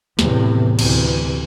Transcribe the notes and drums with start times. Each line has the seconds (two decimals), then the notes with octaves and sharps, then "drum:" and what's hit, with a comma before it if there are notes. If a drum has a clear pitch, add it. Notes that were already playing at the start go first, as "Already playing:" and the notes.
0.19 E2 A2 C3, drum: snare
0.79 D2 C3 E3, drum: cymbal